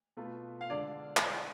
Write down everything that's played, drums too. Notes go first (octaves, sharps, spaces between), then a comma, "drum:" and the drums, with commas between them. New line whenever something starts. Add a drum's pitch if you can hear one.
B2 A3 F4 B4
F5
D3 G#3 D4 D5
drum: clap